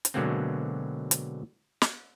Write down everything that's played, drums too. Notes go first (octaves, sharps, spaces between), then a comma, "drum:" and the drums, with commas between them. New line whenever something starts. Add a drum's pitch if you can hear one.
drum: hi-hat
B2 D3 F#3 G#3 A#3 C4
drum: hi-hat
drum: snare